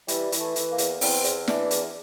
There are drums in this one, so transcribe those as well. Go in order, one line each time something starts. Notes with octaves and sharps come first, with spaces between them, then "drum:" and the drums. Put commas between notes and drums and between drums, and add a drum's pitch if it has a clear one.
E3 G3, drum: hi-hat
E3, drum: hi-hat
A3
E3, drum: hi-hat
A#3
E2, drum: hi-hat
E2 C4, drum: open hi-hat
E2, drum: hi-hat
E3 D4, drum: snare
E2, drum: hi-hat